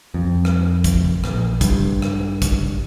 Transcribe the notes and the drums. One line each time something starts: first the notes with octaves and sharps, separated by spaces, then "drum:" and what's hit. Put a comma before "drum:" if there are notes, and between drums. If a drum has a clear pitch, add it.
F2
drum: rim click
drum: kick, hi-hat
A#1, drum: rim click
G2, drum: kick, hi-hat
drum: rim click
drum: kick, hi-hat